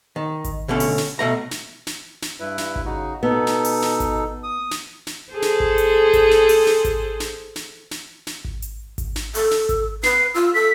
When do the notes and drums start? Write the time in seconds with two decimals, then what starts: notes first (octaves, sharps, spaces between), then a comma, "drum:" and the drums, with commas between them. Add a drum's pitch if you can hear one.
0.16 D#3
0.44 drum: kick G#1, hi-hat
0.68 B2 D3 A3 C#4
0.80 drum: open hi-hat
0.98 drum: snare
1.19 B2 A3 A#5
1.51 drum: snare
1.87 drum: snare
2.22 drum: snare
2.40 G2 E4 B4
2.58 drum: snare
2.76 drum: kick G#1
2.85 C#3 D#4 F#4
3.23 B2 B3 D#4 A4
3.47 drum: snare
3.64 drum: open hi-hat
3.82 drum: snare
4.00 drum: kick G#1, hi-hat
4.43 D#6
4.71 drum: snare
5.07 drum: snare
5.33 G#4 A4 C5
5.42 drum: snare
5.60 drum: kick G#1
5.78 drum: hi-hat
6.13 drum: kick G#1, hi-hat
6.31 drum: snare
6.49 drum: open hi-hat
6.67 drum: snare
6.85 drum: kick G#1, hi-hat
7.20 drum: snare
7.56 drum: snare
7.91 drum: snare
8.27 drum: snare
8.45 drum: kick G#1
8.62 drum: hi-hat
8.98 drum: kick G#1, hi-hat
9.16 drum: snare
9.35 A4, drum: open hi-hat
9.51 drum: snare
9.69 drum: kick G#1, hi-hat
10.03 B4 C7, drum: snare
10.35 F4 E6
10.54 A4 B6